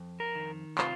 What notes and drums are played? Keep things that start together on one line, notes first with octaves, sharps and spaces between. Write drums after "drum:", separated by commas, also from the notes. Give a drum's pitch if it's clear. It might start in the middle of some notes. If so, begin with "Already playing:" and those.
Already playing: F2
A#4
D#3
C3 F4, drum: clap